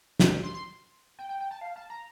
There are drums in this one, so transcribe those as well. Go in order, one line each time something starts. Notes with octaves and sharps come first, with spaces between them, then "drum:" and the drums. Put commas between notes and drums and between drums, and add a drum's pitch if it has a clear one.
drum: snare
C6
C6
G5
G5
G5
A5
F5
A5
A#5